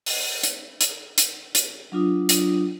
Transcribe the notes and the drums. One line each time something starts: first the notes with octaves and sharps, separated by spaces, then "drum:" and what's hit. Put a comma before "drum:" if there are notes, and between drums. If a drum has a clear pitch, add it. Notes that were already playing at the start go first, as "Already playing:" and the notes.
drum: open hi-hat
drum: hi-hat
drum: hi-hat
drum: hi-hat
drum: hi-hat
F#3 D4 F4 D#6
drum: hi-hat